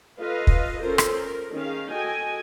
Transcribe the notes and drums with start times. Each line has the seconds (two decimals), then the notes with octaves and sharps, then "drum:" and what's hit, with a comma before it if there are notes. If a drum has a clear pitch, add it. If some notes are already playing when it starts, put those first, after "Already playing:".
0.20 F4 A4 B4 D#5 F5
0.47 drum: kick
0.81 C#4 F4 A4 A#4 C5
0.98 drum: rim click
1.14 A#4
1.52 D#3 C#4 G#4 F5
1.91 F#4 A4 D#5 G5 G#5